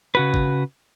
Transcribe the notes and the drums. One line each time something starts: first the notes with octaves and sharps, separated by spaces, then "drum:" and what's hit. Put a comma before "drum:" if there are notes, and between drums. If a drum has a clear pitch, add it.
C#3 F#4 B4
drum: kick G#1